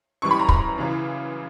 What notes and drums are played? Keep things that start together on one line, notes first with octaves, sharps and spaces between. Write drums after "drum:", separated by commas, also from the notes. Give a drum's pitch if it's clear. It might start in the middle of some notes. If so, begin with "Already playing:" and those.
F#2 E3 G3 C#6
B5
A#5
B5, drum: kick
F#2 C#3 E3